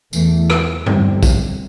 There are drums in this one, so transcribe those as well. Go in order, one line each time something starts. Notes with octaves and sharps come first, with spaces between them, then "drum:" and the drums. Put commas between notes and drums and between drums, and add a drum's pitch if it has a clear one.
E2 E3 A3, drum: tambourine
drum: rim click
E2 D3 G3 C4, drum: tom G2
drum: kick A#1, tambourine